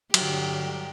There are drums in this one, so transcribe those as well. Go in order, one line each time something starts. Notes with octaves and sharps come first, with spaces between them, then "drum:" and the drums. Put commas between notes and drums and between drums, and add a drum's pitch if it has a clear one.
G2 D3 F#3 G4, drum: cymbal